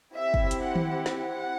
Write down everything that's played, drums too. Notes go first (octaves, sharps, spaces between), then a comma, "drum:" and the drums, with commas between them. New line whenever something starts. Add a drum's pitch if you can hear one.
C4 E4 G4 E5
drum: kick
drum: hi-hat
F#5
drum: tom D#3
F#5, drum: snare